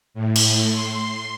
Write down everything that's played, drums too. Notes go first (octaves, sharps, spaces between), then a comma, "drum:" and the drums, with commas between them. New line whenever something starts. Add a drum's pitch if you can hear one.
A2
drum: cymbal
C6